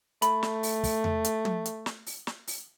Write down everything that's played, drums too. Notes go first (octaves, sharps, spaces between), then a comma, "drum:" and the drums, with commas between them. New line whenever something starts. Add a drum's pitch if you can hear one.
A3 B5, drum: hi-hat
drum: snare
drum: open hi-hat
drum: kick, open hi-hat
drum: tom E2
drum: hi-hat
drum: tom
drum: hi-hat
drum: snare
drum: open hi-hat
drum: snare
drum: open hi-hat